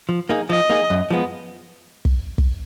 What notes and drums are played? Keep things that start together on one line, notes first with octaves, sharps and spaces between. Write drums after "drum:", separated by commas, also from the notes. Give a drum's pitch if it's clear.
F3
A#3 D#4 G#4
F3 D#5
A#3 D#4 G#4
F#2
F3 G#3 B3
drum: kick
drum: kick